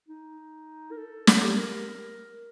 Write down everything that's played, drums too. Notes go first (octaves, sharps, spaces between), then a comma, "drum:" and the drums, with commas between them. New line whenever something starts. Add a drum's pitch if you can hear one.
D#4
A#4
A4
A4, drum: snare
G4
A#4